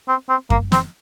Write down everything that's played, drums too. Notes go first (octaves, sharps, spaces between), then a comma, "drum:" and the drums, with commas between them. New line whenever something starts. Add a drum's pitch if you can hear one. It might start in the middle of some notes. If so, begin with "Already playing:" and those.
C4
C4
A#3, drum: kick F#2
C4, drum: snare